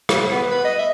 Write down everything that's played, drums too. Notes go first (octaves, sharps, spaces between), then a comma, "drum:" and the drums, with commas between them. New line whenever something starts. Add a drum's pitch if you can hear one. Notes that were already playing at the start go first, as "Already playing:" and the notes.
drum: rim click
B3
B4
D#5
E5